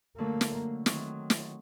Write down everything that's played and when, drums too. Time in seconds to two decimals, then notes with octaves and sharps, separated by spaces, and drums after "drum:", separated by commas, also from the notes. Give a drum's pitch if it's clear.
0.18 D3 F#3 A3 A#3
0.41 drum: snare
0.86 D#3 F#3 C4, drum: snare
1.30 drum: snare